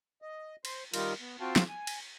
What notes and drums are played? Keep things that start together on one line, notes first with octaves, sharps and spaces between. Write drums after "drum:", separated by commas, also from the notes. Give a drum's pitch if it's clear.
D#5
C5, drum: cymbal
D#3 G3 D#4 F4 A#4, drum: cymbal
B3
C4 F4 F#4 F5 G5 A5
drum: snare
G#5
drum: cymbal